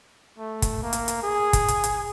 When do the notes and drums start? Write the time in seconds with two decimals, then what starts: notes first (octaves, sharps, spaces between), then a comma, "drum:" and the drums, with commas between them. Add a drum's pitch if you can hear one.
0.38 A3
0.62 drum: kick, hi-hat
0.83 A#3
0.93 drum: hi-hat
1.08 drum: hi-hat
1.23 G#4
1.53 drum: kick, hi-hat
1.68 drum: hi-hat
1.84 drum: hi-hat